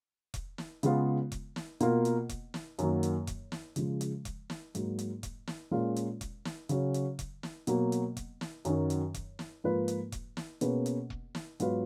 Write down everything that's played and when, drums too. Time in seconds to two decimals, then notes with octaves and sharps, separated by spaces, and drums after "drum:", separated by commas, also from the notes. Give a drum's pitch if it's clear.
0.34 drum: kick E1, hi-hat
0.58 drum: snare
0.83 C#3 G#3 B3 F4, drum: hi-hat
1.32 drum: kick E1, hi-hat
1.56 drum: snare
1.80 B2 A#3 F4 A#4, drum: hi-hat
2.05 drum: hi-hat
2.29 drum: kick E1, hi-hat
2.54 drum: snare
2.79 F#2 D#3 F#3 A#3, drum: hi-hat
3.03 drum: hi-hat
3.27 drum: kick E1, hi-hat
3.52 drum: snare
3.76 C#3 F3 G#3, drum: hi-hat
4.01 drum: hi-hat
4.25 drum: kick E1, hi-hat
4.50 drum: snare
4.75 G#2 F#3 A#3, drum: hi-hat
4.99 drum: hi-hat
5.23 drum: kick E1, hi-hat
5.47 drum: snare
5.71 A#2 G#3 C#4 F4 A#4
5.96 drum: hi-hat
6.21 drum: kick E1, hi-hat
6.45 drum: snare
6.69 C#3 F#3 C#4, drum: hi-hat
6.94 drum: hi-hat
7.19 drum: kick E1, hi-hat
7.43 drum: snare
7.67 B2 F#3 A#3, drum: hi-hat
7.92 drum: hi-hat
8.17 drum: kick E1, hi-hat
8.41 drum: snare
8.65 F#2 D#3 F#3 C#4, drum: hi-hat
8.90 drum: hi-hat
9.14 drum: kick E1, hi-hat
9.39 drum: snare
9.64 G#2 F3 A#3 F4 B4
9.88 drum: hi-hat
10.12 drum: kick E1, hi-hat
10.37 drum: snare
10.61 B2 A#3 C#4 G#4 B4, drum: hi-hat
10.86 drum: hi-hat
11.10 drum: kick E1
11.35 drum: snare
11.60 G#2 F#3 B3 F4 B4, drum: hi-hat